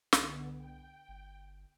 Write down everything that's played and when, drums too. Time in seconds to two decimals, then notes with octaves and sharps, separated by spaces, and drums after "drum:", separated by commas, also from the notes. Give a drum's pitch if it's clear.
0.13 C2 D3 B3, drum: snare
0.56 G5
1.08 G1